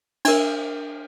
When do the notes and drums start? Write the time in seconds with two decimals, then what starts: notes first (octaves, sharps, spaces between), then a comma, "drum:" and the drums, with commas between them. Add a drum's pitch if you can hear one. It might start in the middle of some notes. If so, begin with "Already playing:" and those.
0.25 D4 A#4, drum: cymbal